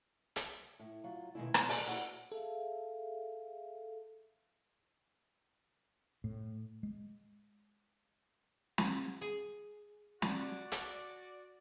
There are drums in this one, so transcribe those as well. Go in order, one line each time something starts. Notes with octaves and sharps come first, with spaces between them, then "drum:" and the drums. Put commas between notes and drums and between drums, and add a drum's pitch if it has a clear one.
drum: hi-hat
A2
F#3 F4
B2 D#3 G#3 E4
A#2 C#3, drum: rim click
B4 G#5 A#5, drum: open hi-hat
E4 F#4 F#5
G#4 A4 E5 F5
A2
G#3
drum: snare
G#4
F#4 D5 A5, drum: snare
drum: hi-hat